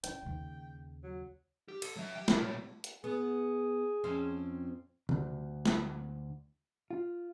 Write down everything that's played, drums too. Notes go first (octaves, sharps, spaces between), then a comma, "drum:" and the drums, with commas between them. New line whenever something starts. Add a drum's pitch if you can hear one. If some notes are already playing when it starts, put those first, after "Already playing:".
C#4 E4 G5, drum: hi-hat
D#2 C#3
F#3
G4
A4, drum: cymbal
F#3 E5
G4 G5
C#2 A#4, drum: snare
A#2 C#5
drum: hi-hat
B3 G#4
F2 C4 C#4
D2, drum: tom C#3
drum: snare
F4